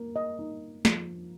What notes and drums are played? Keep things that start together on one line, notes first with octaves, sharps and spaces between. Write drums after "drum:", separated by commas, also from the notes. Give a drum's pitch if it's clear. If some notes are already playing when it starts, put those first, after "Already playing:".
Already playing: A#3
D#5
D#4
F3, drum: snare